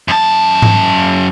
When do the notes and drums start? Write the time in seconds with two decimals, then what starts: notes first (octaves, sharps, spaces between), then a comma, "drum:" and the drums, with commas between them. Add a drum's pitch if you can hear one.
0.08 F#2 A5
0.62 drum: tom G#2